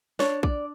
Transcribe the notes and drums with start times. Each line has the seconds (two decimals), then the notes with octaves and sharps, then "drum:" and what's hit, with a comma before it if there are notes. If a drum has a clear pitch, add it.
0.19 D4 C#5, drum: snare
0.43 D5, drum: kick